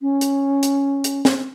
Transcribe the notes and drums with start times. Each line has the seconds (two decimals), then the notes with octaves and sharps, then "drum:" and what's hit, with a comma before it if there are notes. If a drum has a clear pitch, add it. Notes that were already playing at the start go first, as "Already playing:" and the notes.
0.01 C#4
0.21 drum: hi-hat
0.63 drum: hi-hat
1.04 drum: hi-hat
1.25 drum: snare